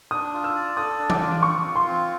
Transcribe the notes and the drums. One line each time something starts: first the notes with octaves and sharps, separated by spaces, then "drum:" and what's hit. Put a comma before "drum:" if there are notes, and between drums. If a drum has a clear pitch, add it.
D4 D#6
F4
E6
D5
A4 D#6
D4
D6, drum: tom E3
F4
C4 C#6
F4
C6
C4